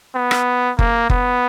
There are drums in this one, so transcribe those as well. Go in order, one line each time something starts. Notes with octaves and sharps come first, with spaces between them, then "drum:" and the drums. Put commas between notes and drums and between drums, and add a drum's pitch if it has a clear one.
B3
drum: rim click
A#3, drum: kick F#1
B3, drum: kick F#1